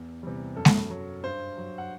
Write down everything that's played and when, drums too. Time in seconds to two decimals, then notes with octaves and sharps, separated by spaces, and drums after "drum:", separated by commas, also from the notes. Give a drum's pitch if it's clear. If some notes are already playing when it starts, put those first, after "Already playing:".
Already playing: E2
0.23 C3 E3 G3
0.56 F#2 A4
0.65 drum: snare G#3
0.90 F#3
1.23 G2 C5
1.58 F#3
1.78 F#5